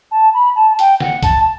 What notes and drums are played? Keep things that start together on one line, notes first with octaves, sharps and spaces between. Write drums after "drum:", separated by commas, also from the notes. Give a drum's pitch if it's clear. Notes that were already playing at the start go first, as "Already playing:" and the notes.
A5
B5
A5
G5, drum: hi-hat
F#5, drum: snare
A5, drum: kick, hi-hat